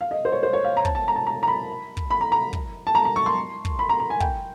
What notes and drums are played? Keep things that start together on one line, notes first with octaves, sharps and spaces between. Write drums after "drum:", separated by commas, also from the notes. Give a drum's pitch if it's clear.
F5
D#5
C5
C#5
C5
C#5
F5
A#5
A5, drum: kick
A5
A#5
A5
A#5
A#5
B5
drum: kick
B5
A#5
A#5
drum: kick
A5
A#5
A#5
C#6
C6
drum: kick
B5
A#5
A#5
G#5
G5, drum: kick